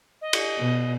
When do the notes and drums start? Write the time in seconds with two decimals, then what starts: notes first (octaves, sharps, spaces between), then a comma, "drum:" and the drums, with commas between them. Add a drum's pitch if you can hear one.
0.21 D#5
0.33 drum: cymbal
0.59 B2